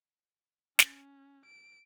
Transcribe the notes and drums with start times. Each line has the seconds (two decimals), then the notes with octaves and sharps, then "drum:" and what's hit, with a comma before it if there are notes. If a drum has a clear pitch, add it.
0.79 C#4, drum: snare
1.46 D7